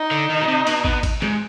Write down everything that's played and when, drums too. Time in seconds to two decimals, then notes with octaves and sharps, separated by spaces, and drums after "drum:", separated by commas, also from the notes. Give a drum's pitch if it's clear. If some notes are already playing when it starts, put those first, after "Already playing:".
Already playing: D#4
0.11 D3
0.30 D#3
0.41 B2
0.48 C3
0.67 B2, drum: cymbal
0.85 B2, drum: kick
1.03 drum: kick, cymbal
1.22 G#2, drum: snare